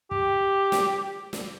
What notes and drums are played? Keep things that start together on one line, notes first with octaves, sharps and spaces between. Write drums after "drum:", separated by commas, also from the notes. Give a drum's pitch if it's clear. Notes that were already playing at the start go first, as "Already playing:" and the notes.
G4, drum: kick
drum: snare
drum: snare